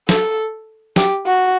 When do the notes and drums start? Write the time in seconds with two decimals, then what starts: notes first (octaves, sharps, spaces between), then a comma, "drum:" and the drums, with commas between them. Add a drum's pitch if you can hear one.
0.09 A4, drum: snare
0.96 G4, drum: snare
1.26 F#4